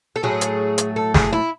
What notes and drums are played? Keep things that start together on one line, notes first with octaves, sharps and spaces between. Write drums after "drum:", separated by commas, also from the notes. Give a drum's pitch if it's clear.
A4
A2 F#3 A3 G#4
drum: hi-hat
drum: hi-hat
A4
G#4, drum: snare
E4